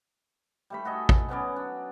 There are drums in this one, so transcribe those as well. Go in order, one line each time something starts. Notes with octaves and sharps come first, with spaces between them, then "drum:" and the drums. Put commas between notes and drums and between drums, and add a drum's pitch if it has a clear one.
G3 A3 B5
F#4 A4 D#5 G#5
drum: kick A1
F#3 B3 C#4 D5
D4